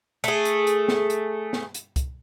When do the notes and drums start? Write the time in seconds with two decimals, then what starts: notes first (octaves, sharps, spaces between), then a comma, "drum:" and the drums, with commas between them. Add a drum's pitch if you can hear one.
0.24 A3 G#4, drum: hi-hat
0.45 drum: hi-hat
0.67 drum: hi-hat
0.88 drum: snare
1.10 drum: hi-hat
1.53 drum: snare
1.74 drum: hi-hat
1.96 drum: kick C2, hi-hat